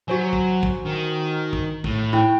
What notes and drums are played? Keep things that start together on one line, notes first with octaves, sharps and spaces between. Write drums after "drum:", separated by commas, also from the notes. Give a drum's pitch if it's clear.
F#3 F#4 C5 G#5
drum: kick
drum: kick
D#3
drum: kick
A2, drum: kick
E4 G5, drum: tom G#2